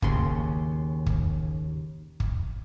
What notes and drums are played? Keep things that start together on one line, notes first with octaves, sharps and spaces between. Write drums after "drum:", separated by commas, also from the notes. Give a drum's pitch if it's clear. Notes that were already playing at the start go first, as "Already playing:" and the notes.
D#2 C#3 C6, drum: kick
drum: kick
drum: kick